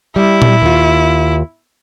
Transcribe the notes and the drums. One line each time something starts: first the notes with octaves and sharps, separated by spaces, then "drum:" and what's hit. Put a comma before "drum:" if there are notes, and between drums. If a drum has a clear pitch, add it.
G3 E4
drum: tom A#2
D#2 F4